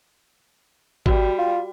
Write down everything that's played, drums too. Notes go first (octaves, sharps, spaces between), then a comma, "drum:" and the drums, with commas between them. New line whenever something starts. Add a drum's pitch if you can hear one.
G3 F#4, drum: kick
F4